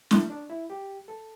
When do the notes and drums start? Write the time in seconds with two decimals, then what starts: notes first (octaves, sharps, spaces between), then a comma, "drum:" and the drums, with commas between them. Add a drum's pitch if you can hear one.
0.11 A3, drum: snare
0.30 D4
0.50 E4
0.70 G4
1.08 A4